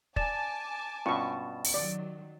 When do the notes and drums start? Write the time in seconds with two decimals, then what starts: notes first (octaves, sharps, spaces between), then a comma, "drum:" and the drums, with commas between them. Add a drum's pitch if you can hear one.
0.16 D5 G#5 A5 D6 A6 E7, drum: kick
1.06 G2 B2 C#4 F4 C#6
1.65 drum: open hi-hat
1.74 D#3 F#3 D5 D6